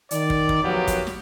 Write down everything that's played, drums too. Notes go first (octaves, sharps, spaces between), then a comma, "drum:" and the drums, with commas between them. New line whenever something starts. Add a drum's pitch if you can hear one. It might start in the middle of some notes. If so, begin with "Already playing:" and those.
D#3 D5, drum: hi-hat
drum: kick
drum: kick
F3 F#3 A#3 B3 G4
drum: kick, hi-hat
drum: snare